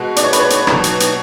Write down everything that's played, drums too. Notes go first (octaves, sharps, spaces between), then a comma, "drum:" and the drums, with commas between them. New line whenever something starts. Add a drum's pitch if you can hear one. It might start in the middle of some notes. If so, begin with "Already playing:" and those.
Already playing: B2 G#3 F#4
D5, drum: hi-hat
C#5
B4, drum: hi-hat
C#5
drum: hi-hat
B2 F#3, drum: rim click
drum: hi-hat
drum: hi-hat